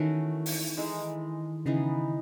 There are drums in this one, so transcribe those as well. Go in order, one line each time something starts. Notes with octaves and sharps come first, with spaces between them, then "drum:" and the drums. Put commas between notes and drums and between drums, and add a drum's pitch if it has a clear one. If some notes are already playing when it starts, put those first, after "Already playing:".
Already playing: D#3 E3 A3 B3 C#4 F#4
drum: open hi-hat
E3 G#3 D#4 A4
C#3 E3 B3 D#4 G#4